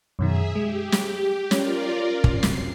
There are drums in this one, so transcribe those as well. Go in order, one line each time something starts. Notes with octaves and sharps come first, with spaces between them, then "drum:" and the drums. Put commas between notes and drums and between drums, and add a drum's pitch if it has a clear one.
F#2 B2 D#3 G#4 E5
G#3 G4
drum: snare
C#4 F4 A#4 D5, drum: snare
F#2 C3 C7, drum: kick
drum: snare